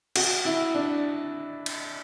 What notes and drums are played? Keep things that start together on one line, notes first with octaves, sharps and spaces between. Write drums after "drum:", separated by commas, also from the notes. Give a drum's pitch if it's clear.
F#4, drum: cymbal
E4
D4
drum: cymbal